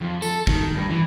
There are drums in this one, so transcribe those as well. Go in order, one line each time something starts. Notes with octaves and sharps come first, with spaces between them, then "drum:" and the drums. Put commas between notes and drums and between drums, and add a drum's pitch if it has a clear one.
F2
A4, drum: tambourine
D#3, drum: kick
G2
E3